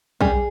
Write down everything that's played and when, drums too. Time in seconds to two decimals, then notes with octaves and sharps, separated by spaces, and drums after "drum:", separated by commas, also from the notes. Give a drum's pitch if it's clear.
0.21 G3 G#4, drum: kick